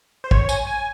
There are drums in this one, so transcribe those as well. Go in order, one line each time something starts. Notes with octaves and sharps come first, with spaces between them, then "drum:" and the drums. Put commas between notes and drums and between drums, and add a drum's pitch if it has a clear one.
C5
C#5, drum: kick
G#5, drum: tambourine
G#5